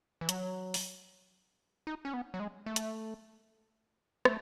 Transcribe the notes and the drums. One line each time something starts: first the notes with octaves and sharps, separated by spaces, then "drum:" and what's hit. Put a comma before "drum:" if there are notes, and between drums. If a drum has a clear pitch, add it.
E3
F#3, drum: hi-hat
drum: open hi-hat
D#4
C#4
B3
F#3
G#3
A3
drum: hi-hat
A3, drum: rim click